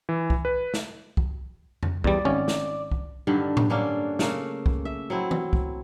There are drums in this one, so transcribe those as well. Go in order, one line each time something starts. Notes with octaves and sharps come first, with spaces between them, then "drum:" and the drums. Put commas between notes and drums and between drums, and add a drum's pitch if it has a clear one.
E3
drum: kick
B4
drum: snare
drum: kick
drum: tom F2
E2 G3 D5, drum: kick
G#1 C#4
drum: snare
drum: kick
G2 D3 D#3 D4
drum: tom A2
D3 A#3 C#4 D4
C#3 A3 A#3, drum: snare
drum: kick
E5
F#3 C4 E4
drum: tom E3
drum: kick